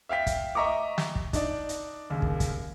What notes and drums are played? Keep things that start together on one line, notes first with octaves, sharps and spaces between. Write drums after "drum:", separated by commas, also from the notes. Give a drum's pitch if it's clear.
E5 F5 G5 B6
drum: kick, hi-hat
D#5 E5 A#5 C#6 D6
drum: snare
drum: kick
D4 D#4 D5, drum: kick, hi-hat
drum: hi-hat
F#1 D#2
drum: kick
drum: kick, hi-hat